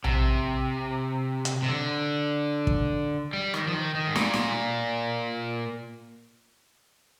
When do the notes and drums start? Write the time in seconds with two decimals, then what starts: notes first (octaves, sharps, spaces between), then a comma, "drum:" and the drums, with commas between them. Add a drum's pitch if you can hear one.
0.04 C3, drum: tom A#1
1.45 drum: hi-hat
1.63 C3
1.68 D3
2.67 drum: kick
3.33 G3
3.54 D#3, drum: rim click
3.67 F3
3.74 D#3
3.95 D#3
4.07 G#2
4.15 A#2, drum: snare
4.34 drum: snare